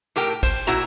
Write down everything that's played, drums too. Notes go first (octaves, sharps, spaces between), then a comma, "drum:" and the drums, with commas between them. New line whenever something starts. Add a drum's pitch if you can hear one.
A2 G4 A#4 G5
C5, drum: kick, cymbal
A#2 E4 F#4 A#5